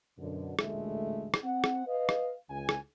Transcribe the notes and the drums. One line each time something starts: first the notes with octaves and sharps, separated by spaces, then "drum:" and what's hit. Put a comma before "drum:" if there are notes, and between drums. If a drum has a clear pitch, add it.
F#2 B2 D3
A1 D2 A#2 G#3 A3 E5, drum: rim click
drum: rim click
C4 F#5
drum: rim click
B4 D#5 F5
drum: rim click
C#2 G#5
drum: rim click